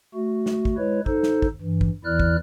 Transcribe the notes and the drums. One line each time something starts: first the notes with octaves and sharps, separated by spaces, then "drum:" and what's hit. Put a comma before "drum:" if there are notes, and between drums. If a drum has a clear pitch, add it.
A3 F#4
drum: snare
drum: kick
G#3 E4 B4 C#5
D#4 A4 C5, drum: kick
drum: snare
drum: kick
G2 E3
drum: kick
E2 E3 E4 D5 F6 F#6
drum: kick